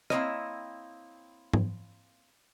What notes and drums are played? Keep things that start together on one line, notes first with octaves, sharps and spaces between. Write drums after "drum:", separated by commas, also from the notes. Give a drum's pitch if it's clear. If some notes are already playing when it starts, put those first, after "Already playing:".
A#3 C4 D#4 E4 C#5 D#5, drum: rim click
drum: tom G#2